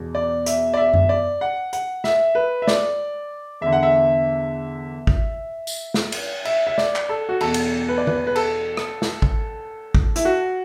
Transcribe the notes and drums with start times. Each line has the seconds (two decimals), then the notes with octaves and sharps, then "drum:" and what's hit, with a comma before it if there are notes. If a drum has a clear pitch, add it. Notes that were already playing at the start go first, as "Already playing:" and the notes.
Already playing: E2 B2
0.15 D5
0.46 E5, drum: hi-hat
0.74 D5
0.77 E5
0.94 drum: tom F#2
1.09 D5
1.41 F#5
1.73 F#5, drum: hi-hat
2.04 E5, drum: snare
2.35 B4
2.62 E5
2.67 D5, drum: snare
3.61 E2 D3 E5
3.73 F#5
3.83 E5
5.07 drum: kick G#1
5.67 drum: tambourine
5.94 drum: snare
6.12 drum: cymbal
6.45 E5, drum: cymbal
6.67 E5
6.78 D5, drum: snare
6.96 drum: clap
7.09 A4
7.29 F#4
7.41 E2 B2 A4, drum: cymbal
7.54 drum: cymbal
7.88 B4
7.98 D5
8.07 B4, drum: tom
8.27 B4
8.36 A4, drum: cymbal
8.77 drum: rim click
9.02 drum: snare
9.22 drum: kick G#1
9.95 drum: kick G#1
10.16 E4, drum: hi-hat
10.25 F#4